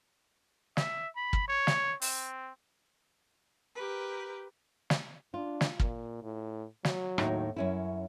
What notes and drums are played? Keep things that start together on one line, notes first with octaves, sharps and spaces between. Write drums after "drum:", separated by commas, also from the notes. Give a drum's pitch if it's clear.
E5, drum: snare
B5
drum: kick
C#5
drum: snare
C4, drum: open hi-hat
G4 A#4 B4
drum: snare
D4 F4
drum: snare
A#2, drum: kick
A2
F#3, drum: snare
D#2 A2 D#4, drum: rim click
F#2 C#4 E4 C#5